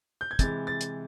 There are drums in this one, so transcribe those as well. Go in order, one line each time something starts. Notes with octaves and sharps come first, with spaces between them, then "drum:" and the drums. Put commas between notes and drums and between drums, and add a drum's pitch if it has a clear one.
G6
G#6
C3 E3 G#3 A6, drum: kick, hi-hat
A6
drum: hi-hat